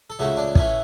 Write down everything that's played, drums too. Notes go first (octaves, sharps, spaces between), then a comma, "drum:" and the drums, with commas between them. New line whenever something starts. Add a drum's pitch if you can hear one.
A4
C#2 C#3 E3 A3 F#4
D4
A2 E3 A3 C#4, drum: kick